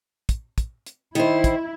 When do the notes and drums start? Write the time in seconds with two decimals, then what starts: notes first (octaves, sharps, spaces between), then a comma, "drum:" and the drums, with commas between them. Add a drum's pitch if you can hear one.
0.29 drum: kick, hi-hat
0.58 drum: kick, hi-hat
0.86 drum: hi-hat
1.15 D#3 E4 C5, drum: hi-hat
1.44 drum: kick, hi-hat